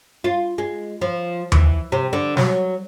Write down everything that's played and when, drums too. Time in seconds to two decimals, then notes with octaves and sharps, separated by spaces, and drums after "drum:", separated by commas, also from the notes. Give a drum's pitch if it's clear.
0.24 F4
0.58 G#3
1.01 F3
1.52 E3, drum: tom D#2
1.92 C3
2.13 D3
2.37 F#3, drum: snare